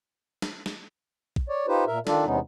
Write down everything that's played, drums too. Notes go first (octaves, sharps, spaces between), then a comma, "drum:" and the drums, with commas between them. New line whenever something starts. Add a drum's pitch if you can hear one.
drum: snare
drum: snare
drum: kick
C#5 D5
D#4 F4 G4 B4 C5
A#2 A#4 E5
D#3 D4 F4 A4 D5, drum: snare
E2 C3 G#3 B3 C#4 D#4